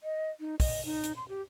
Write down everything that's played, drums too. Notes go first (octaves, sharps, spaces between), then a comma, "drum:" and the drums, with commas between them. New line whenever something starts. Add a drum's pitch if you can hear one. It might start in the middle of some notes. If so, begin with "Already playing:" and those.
D#5
D#4
D#5, drum: kick, open hi-hat
D#4
drum: hi-hat
C6
G4